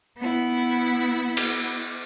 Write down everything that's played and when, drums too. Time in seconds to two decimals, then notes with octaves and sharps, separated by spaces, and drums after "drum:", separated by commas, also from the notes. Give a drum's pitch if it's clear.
0.19 B3 E4
1.37 drum: cymbal